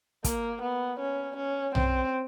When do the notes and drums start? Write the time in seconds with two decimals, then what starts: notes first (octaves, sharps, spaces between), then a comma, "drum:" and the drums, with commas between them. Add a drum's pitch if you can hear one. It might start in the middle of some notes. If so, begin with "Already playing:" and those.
0.24 A#3, drum: kick, hi-hat
0.62 B3
1.00 C#4
1.37 C#4
1.75 C4, drum: tom B1